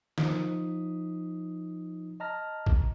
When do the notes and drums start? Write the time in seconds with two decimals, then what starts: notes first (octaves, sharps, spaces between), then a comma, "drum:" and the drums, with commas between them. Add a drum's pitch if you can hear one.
0.18 F3 D#4 D#6 B6, drum: snare
2.20 D#5 A5 A#5 F6 A#6
2.66 drum: kick